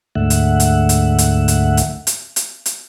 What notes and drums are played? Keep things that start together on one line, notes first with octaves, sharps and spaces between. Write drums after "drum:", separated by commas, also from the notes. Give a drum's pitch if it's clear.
D2 G#2 D3 A3 E5 F#5
drum: hi-hat
drum: hi-hat
drum: hi-hat
drum: hi-hat
drum: hi-hat
drum: hi-hat
drum: hi-hat
drum: hi-hat
drum: hi-hat